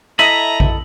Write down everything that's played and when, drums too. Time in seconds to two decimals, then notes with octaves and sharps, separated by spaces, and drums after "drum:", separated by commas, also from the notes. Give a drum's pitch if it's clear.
0.19 E4 A4 D#5 E5 A#5 F#7
0.60 drum: kick A#1